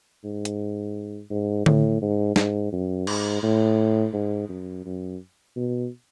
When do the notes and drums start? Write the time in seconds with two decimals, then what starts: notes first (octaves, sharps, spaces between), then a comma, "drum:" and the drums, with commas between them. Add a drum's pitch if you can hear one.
0.24 G#2
0.45 drum: hi-hat
1.30 G#2
1.66 A2, drum: tom D3
2.02 G#2
2.36 G#2, drum: snare
2.72 F#2
3.07 G#2, drum: cymbal
3.43 A2
4.13 G#2
4.49 F#2
4.85 F#2
5.56 B2